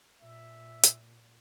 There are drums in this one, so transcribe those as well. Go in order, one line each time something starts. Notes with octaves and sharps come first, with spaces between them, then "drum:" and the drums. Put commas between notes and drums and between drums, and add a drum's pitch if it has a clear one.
A#2 E5
drum: hi-hat